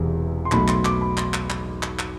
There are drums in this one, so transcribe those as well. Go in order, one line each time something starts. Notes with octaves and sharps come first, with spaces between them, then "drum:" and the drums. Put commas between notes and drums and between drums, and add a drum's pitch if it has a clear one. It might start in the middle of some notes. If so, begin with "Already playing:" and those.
Already playing: E1 E2 C3
C6
B1 B2 A3 B5, drum: clap
C6, drum: clap
D6, drum: clap
B5
C6, drum: clap
drum: clap
drum: clap
drum: clap
drum: clap